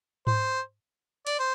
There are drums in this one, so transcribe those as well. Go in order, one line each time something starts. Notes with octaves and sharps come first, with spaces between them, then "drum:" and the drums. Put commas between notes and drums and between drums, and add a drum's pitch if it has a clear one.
C5, drum: tom G#2
D5, drum: cymbal
C5